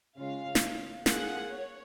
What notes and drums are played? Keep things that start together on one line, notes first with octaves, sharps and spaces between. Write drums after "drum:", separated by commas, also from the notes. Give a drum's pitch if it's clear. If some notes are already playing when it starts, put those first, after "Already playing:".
C#3 G#3 C#4 F4 F5
drum: snare
A#3 F4 G#4 F#5, drum: snare
C#5